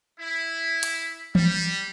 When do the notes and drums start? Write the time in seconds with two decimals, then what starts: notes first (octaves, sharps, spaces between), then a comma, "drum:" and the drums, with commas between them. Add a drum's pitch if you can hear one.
0.20 E4
0.83 drum: hi-hat
1.35 G3, drum: tom E3